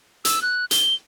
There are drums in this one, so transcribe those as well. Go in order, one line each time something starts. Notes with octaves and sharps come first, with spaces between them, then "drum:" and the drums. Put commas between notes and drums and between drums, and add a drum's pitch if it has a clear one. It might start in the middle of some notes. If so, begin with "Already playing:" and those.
E6, drum: hi-hat
F#6
G7, drum: hi-hat